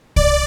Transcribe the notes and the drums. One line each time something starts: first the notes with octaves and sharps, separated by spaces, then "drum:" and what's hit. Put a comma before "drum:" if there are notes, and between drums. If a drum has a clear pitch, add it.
D5, drum: kick C2